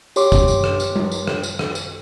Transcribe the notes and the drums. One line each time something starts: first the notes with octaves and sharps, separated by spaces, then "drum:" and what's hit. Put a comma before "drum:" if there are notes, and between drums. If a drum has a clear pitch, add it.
G4 C#5 C6 D6, drum: tambourine
drum: kick F#1, tambourine
drum: tambourine
drum: rim click
drum: tambourine
drum: tom G3
drum: tambourine
drum: rim click
drum: tambourine
drum: rim click
drum: tambourine